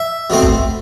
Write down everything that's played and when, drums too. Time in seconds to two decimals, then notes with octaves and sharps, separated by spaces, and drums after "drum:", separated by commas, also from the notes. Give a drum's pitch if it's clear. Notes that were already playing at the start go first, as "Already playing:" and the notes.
Already playing: E5
0.30 B2 A3 C4
0.43 drum: kick A1